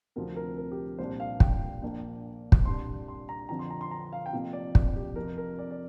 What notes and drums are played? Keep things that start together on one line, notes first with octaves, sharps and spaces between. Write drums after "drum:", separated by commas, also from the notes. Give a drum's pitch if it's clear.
D2 C3 F3 C4 A#4
A#4
A#4
G4
C2 A#2 G3 D4 C5
F5
G5, drum: kick
A#1 A#2 A#3 D4
drum: kick
C2 A#2 G3 D4 C6
C6
A#5
F2 D3 F3 C4 A#5
C6
A#5
C6
A#5
F5
G5
F1 F2 C3 F3 A#3 F5
D5
D5, drum: kick
G4
F2 C3 F3 A#4
A#4
D5
D5